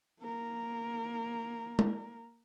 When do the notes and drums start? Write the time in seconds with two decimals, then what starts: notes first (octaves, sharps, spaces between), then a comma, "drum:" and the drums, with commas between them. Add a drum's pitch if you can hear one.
0.20 A#3 A#4
1.79 drum: tom